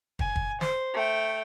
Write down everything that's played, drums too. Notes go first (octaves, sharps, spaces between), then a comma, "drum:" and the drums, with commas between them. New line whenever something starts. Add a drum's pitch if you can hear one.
G#5, drum: kick
drum: kick
C5, drum: snare
A3 G5